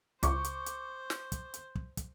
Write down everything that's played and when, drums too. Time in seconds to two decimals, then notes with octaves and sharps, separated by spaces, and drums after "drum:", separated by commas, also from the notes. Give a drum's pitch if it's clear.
0.23 C#2 C5 C#6 D6, drum: kick, hi-hat
0.44 drum: hi-hat
0.66 drum: hi-hat
1.10 drum: snare
1.32 drum: kick, hi-hat
1.54 drum: hi-hat
1.75 drum: kick
1.97 drum: kick, hi-hat